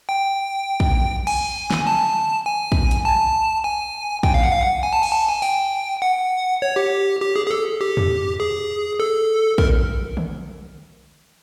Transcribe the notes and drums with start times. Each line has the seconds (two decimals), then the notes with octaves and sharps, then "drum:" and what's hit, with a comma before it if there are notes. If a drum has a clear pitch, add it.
0.09 G5
0.80 drum: kick
1.27 G#5, drum: cymbal
1.71 drum: snare
1.87 A5
2.46 G#5
2.72 drum: kick
2.91 drum: hi-hat
3.05 A5
3.64 G#5
4.23 G5, drum: kick
4.34 F5
4.43 F#5
4.52 F5
4.61 F#5
4.83 G#5
4.93 A5
5.03 G#5, drum: cymbal
5.12 A5
5.28 G#5
5.42 G5, drum: open hi-hat
6.02 F#5
6.62 C#5
6.76 G4
7.21 G4
7.36 G#4
7.46 G#4
7.51 A4
7.81 G4
7.97 drum: tom E2
8.40 G#4
9.00 A4
9.58 A#4, drum: kick
10.17 drum: tom